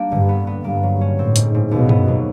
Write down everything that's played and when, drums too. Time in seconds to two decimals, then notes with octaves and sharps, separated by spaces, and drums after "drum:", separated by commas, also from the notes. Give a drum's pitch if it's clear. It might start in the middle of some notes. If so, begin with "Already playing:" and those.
Already playing: G3 A#3 D4
0.12 G2 D3
0.29 B3
0.47 B3
0.64 G2 A#3
0.83 F#3
1.01 C#4
1.18 A2 C4
1.36 G#2, drum: hi-hat
1.54 G#2
1.71 D#2 B2
1.89 B3, drum: tom
2.08 F#3